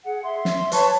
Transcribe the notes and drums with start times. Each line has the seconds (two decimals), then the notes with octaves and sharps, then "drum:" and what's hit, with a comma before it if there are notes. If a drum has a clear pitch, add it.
0.04 G#4 F#5
0.23 E5 C6
0.45 drum: snare
0.72 B4 C#5 A5 C#6, drum: hi-hat